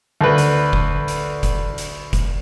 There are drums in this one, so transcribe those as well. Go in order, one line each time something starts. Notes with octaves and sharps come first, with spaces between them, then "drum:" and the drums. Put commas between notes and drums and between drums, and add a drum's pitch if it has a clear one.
D2 B4
drum: hi-hat
drum: kick
drum: hi-hat
drum: kick, hi-hat
drum: hi-hat
drum: kick, hi-hat